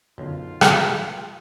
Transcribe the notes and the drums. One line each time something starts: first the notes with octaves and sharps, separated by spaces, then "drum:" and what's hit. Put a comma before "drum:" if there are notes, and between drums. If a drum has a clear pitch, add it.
B1 F#2 D3 D#3 F4
drum: rim click